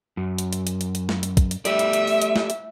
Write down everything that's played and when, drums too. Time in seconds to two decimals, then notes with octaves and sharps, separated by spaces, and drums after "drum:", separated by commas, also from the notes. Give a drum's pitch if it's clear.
0.17 F#2
0.38 drum: hi-hat
0.53 drum: hi-hat
0.67 drum: hi-hat
0.81 drum: hi-hat
0.95 drum: hi-hat
1.09 drum: snare
1.23 drum: hi-hat
1.37 drum: kick, hi-hat
1.51 drum: hi-hat
1.65 A3 G4 D5 E5, drum: hi-hat
1.79 drum: hi-hat
1.93 drum: hi-hat
2.07 drum: open hi-hat
2.22 drum: hi-hat
2.36 drum: snare
2.50 drum: hi-hat